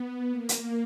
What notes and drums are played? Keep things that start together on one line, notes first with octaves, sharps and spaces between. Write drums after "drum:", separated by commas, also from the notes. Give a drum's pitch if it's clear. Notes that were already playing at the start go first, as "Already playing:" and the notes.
Already playing: B3
A#3
drum: hi-hat